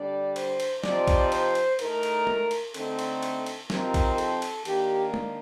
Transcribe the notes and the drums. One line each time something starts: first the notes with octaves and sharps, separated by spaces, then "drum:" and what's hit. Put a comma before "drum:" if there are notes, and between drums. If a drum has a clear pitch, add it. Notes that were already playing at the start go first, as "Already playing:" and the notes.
Already playing: D3 G3 D4 D5
C5, drum: cymbal
drum: cymbal
C3 F3 C4 D#4 D5, drum: snare
drum: kick, cymbal
C5, drum: cymbal
drum: cymbal
A2 A3 D#4 A#4, drum: cymbal
drum: cymbal
drum: tom
drum: cymbal
D3 A3 C4 D#4 A4, drum: cymbal
drum: cymbal
drum: cymbal
drum: cymbal
C3 F3 C4 D#4 A#4, drum: snare
drum: kick, cymbal
A4, drum: cymbal
drum: cymbal
D#3 A#3 D4 G4, drum: cymbal
drum: tom